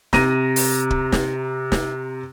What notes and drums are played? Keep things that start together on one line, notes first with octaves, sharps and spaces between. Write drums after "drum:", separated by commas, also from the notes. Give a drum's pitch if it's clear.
C3 A#5 A#6 D#7, drum: snare
drum: open hi-hat
drum: kick
drum: snare
drum: snare